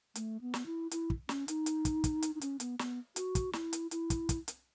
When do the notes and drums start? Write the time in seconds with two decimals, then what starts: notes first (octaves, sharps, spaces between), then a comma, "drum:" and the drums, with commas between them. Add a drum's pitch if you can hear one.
0.15 A3, drum: hi-hat
0.41 B3
0.54 drum: snare
0.66 E4
0.91 E4, drum: hi-hat
1.10 drum: kick
1.29 C#4, drum: snare
1.48 D#4, drum: hi-hat
1.66 drum: hi-hat
1.85 drum: kick, hi-hat
2.04 drum: kick, hi-hat
2.22 drum: hi-hat
2.35 D#4
2.41 C#4, drum: hi-hat
2.60 B3, drum: hi-hat
2.79 B3, drum: snare
3.16 F#4, drum: hi-hat
3.35 drum: kick, hi-hat
3.53 E4, drum: snare
3.73 drum: hi-hat
3.91 E4, drum: hi-hat
4.10 drum: kick, hi-hat
4.29 drum: kick, hi-hat
4.48 drum: hi-hat